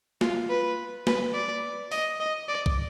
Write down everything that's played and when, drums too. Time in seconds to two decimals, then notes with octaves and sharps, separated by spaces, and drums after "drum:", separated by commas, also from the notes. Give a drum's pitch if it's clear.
0.21 F4, drum: snare
0.50 B4
1.07 B4, drum: snare
1.34 D5
1.92 D#5, drum: open hi-hat
2.20 D#5
2.48 D5
2.66 drum: kick B1